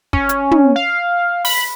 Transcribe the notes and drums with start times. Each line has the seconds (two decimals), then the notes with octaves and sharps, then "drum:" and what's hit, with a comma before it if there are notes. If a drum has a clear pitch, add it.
0.13 C#4, drum: kick
0.29 drum: hi-hat
0.51 drum: tom
0.76 F5
1.45 B5, drum: open hi-hat